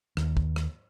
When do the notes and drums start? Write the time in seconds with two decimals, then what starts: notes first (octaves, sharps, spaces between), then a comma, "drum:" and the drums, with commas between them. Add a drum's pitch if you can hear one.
0.17 D#2, drum: rim click
0.37 drum: kick
0.56 drum: rim click